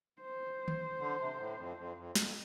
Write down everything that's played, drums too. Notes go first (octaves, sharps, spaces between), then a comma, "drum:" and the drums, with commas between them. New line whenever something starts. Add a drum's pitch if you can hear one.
C5
drum: tom D#3
D3
C3
A2
F2
F2
F2
F2, drum: snare